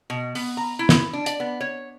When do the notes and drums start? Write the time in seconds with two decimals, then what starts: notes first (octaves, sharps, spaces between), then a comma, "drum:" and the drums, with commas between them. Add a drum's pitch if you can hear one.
0.10 B2
0.35 B3, drum: open hi-hat
0.57 A#5
0.79 E4
0.89 drum: snare
1.13 D4
1.26 D5, drum: hi-hat
1.40 B3
1.60 C#5